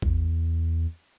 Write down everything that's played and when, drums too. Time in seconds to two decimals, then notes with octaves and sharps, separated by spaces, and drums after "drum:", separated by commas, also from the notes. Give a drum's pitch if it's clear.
0.02 E2, drum: kick A1